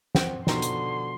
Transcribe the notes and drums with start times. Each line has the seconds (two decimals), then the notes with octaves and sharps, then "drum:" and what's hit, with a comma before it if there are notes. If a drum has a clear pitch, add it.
0.15 C4 F#5 G5, drum: snare
0.47 B2 D3 F3 D#4 G5 A#5 C6, drum: snare
0.62 drum: hi-hat